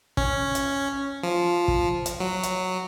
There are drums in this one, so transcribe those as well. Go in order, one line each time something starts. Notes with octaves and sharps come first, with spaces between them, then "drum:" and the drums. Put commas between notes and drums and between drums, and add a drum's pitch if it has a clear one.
C#4, drum: kick
drum: hi-hat
F3
drum: kick
drum: hi-hat
F#3
drum: hi-hat